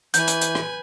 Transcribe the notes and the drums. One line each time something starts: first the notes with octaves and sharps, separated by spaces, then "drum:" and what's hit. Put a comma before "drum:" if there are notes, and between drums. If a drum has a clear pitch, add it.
E3 B4 G#5 G6, drum: hi-hat
drum: hi-hat
drum: hi-hat
drum: rim click